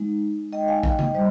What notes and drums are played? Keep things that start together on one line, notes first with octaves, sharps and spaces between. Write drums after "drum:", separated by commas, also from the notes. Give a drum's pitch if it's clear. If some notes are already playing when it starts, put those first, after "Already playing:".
Already playing: G#3 D#4
D#5 G5
F5 G#5
D#5 G5, drum: kick
D#5 G5, drum: tom C#3
G3 C5 D#5